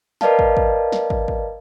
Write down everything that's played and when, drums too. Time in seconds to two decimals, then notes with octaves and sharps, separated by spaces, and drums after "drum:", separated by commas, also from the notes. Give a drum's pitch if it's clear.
0.21 A#4 B4 D5 D#5 F5 A5, drum: snare
0.39 drum: kick
0.57 drum: kick
0.92 drum: snare
1.10 drum: kick
1.28 drum: kick